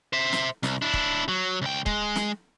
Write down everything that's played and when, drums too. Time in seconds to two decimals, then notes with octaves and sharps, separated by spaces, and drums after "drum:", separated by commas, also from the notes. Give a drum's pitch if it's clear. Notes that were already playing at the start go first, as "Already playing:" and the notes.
0.13 C5 E5
0.32 drum: snare
0.63 C2, drum: snare
0.82 D4 E4
0.94 drum: kick
1.28 F#3
1.62 C#2 G5
1.86 G#3, drum: kick
2.16 drum: snare